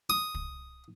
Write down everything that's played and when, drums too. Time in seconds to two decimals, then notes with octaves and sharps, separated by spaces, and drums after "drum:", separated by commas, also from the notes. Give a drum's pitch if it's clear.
0.10 D#6
0.34 drum: kick